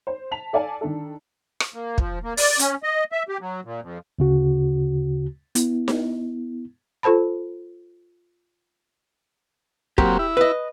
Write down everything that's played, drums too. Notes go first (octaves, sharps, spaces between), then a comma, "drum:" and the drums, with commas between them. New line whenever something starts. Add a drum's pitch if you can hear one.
C5
A5 B6 F7
A4 D5 F5 G#5 A5
D#3 D4 A4
drum: rim click
A#3
F3, drum: kick
A#3
D5, drum: open hi-hat
C#4, drum: hi-hat
D#5
E5
G4
F#3
A#2
F2
D2 C#3 F#4
B3 E4, drum: hi-hat
drum: snare D#4
F4 A4 C5 A5 B5
F#3 A#3 C4 G4, drum: kick
E4
B4 D#5